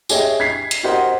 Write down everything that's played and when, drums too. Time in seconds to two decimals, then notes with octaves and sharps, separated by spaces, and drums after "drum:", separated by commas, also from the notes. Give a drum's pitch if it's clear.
0.09 G4 G#4 C#5 D#5 E5 G5, drum: tambourine
0.40 G#6 B6 C7
0.71 drum: hi-hat
0.83 F#4 G4 A#4 C5 D#5 F#5